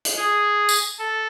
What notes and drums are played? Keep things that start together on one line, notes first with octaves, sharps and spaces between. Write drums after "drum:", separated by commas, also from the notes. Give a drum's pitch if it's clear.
drum: hi-hat
G#4
drum: tambourine
A4